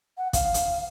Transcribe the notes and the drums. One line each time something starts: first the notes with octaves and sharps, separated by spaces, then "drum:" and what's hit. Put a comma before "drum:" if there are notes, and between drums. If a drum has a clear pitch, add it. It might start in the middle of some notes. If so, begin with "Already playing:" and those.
F#5
F5, drum: kick, hi-hat
drum: hi-hat